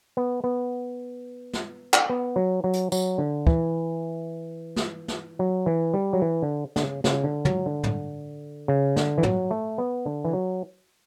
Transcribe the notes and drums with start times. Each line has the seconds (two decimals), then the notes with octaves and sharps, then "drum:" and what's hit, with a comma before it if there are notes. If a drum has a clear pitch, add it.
0.17 B3
0.44 B3
1.53 drum: snare
1.93 drum: clap
2.10 B3
2.36 F#3
2.64 F#3
2.73 drum: hi-hat
2.92 F#3, drum: tambourine
3.18 D3
3.47 E3, drum: kick
4.76 drum: snare
5.08 drum: snare
5.39 F#3
5.66 E3
5.94 G3
6.13 F#3
6.22 E3
6.42 D3
6.76 D3, drum: snare
6.83 C#3
7.04 C#3, drum: snare
7.24 D3
7.45 F#3, drum: tom
7.66 D3
7.83 drum: tom
8.68 C#3
8.96 D3, drum: snare
9.18 E3
9.23 F#3, drum: tom
9.51 A3
9.78 B3
10.06 D3
10.25 E3
10.33 F#3